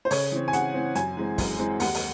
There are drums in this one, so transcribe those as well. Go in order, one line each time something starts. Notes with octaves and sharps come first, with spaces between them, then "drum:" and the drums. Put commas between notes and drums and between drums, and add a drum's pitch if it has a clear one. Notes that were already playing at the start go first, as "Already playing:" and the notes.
C5
C#3 C#5, drum: open hi-hat
E3 C4
G#5
C#3 F#5, drum: hi-hat
E3 C4
F#2 G#5, drum: hi-hat
E3 G#3 C4
F#2, drum: kick, open hi-hat
E3 G#3 C4
D#2 F#5, drum: open hi-hat
drum: open hi-hat